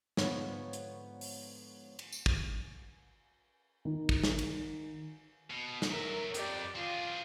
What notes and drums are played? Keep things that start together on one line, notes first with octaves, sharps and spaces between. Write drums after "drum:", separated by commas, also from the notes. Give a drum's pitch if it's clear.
G#2 D3 F3 B3 C#5, drum: snare
drum: hi-hat
drum: open hi-hat
drum: cymbal
drum: tambourine
drum: kick
D#3
drum: kick
drum: snare
drum: cymbal
B2
drum: snare
F#3 A#4 E5
F2 G4 D5, drum: hi-hat
C4 F4 G#4